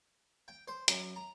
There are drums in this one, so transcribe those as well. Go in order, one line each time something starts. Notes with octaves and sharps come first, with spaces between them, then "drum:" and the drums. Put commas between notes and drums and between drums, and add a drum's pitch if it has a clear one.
G5
C5
F#2, drum: hi-hat
A#5